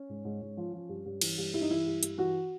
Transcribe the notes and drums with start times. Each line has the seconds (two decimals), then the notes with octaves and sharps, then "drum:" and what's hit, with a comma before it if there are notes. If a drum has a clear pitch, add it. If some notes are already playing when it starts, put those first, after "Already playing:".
Already playing: C#4
0.09 G#2
0.25 G#2
0.42 G#2
0.57 F3
0.73 F3
0.89 G2
1.06 G2
1.21 E3, drum: cymbal
1.38 G2
1.53 G2 E4
1.61 D#4
1.70 E3 E4
1.86 G2
2.03 G2, drum: hi-hat
2.18 E3 F#4